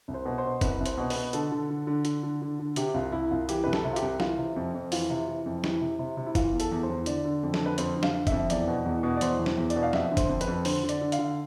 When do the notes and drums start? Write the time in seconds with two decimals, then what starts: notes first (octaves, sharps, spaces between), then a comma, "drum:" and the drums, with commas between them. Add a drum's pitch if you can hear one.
0.08 C2
0.14 C5
0.26 B2
0.38 C5
0.45 B2
0.61 C2 B4, drum: kick, hi-hat
0.80 C2
0.86 C5, drum: hi-hat
0.98 B2
1.10 B4, drum: open hi-hat
1.16 B2
1.33 D3 A4, drum: hi-hat
1.52 D3
1.70 D3
1.87 D3
2.05 D3, drum: hi-hat
2.23 D3
2.42 D3
2.59 D3
2.76 C3 G4, drum: hi-hat
2.94 C2 F4
3.12 C2 E4
3.31 C2 F4
3.49 E3 G4, drum: hi-hat
3.64 C2 B4
3.73 A4, drum: snare
3.84 C3
3.93 F4
3.96 G4, drum: hi-hat
4.02 C2
4.20 E3 F4, drum: snare
4.38 C3
4.56 F2
4.74 F2
4.92 E3 F4, drum: open hi-hat
5.10 C3
5.28 E3
5.46 F2
5.64 E3 E4, drum: snare
5.81 C3
5.99 C3
6.17 C3
6.26 E4
6.35 E3 F4, drum: kick, hi-hat
6.53 E2
6.60 A4, drum: hi-hat
6.71 E2
6.83 C5
6.90 E2
7.06 D3 D5, drum: hi-hat
7.25 D3
7.43 F2
7.54 A4, drum: snare
7.61 D3
7.66 B4
7.78 F2 C5, drum: hi-hat
7.96 D3
8.03 F5, drum: snare
8.14 D3
8.27 F2 E5, drum: kick, hi-hat
8.50 E2 D5, drum: hi-hat
8.68 B2
8.86 E2
9.03 B2
9.17 D5
9.21 E2 C5, drum: hi-hat
9.39 E2
9.46 C5, drum: snare
9.58 E2
9.70 D5, drum: hi-hat
9.76 B2
9.83 F5
9.93 F2 E5, drum: snare
10.11 D3
10.17 C5, drum: kick, hi-hat
10.29 F2
10.41 B4, drum: hi-hat
10.48 F2
10.65 D3 C5, drum: open hi-hat
10.83 D3
10.89 D5, drum: hi-hat
11.01 D3
11.12 F5, drum: hi-hat
11.19 D3